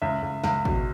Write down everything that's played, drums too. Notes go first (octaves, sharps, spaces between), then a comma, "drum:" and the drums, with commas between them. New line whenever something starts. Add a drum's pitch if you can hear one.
C#2 E5
C#2
C#2, drum: snare
B2, drum: kick